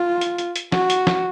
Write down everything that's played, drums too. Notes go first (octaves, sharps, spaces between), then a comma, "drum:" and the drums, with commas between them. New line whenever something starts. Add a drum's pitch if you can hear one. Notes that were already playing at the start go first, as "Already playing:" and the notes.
Already playing: F4
drum: hi-hat
drum: hi-hat
drum: hi-hat
F#4, drum: snare
drum: hi-hat
drum: snare